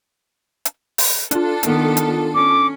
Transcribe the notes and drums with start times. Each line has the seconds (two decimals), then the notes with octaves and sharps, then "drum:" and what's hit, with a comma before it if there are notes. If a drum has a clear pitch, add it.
0.65 drum: hi-hat
0.98 drum: open hi-hat
1.31 D4 F4 A4, drum: hi-hat
1.63 D#3 B3, drum: hi-hat
1.97 drum: hi-hat
2.35 C#4 D6